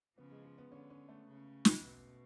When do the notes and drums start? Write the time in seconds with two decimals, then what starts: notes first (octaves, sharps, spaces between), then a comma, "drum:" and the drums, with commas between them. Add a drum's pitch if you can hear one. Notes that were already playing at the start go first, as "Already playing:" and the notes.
0.17 C#3 F3 B3
0.31 G#3
0.45 G#3
0.58 B3
0.72 D3 C#4
0.90 C#4
1.09 A3
1.27 C#3
1.65 drum: snare
1.82 B2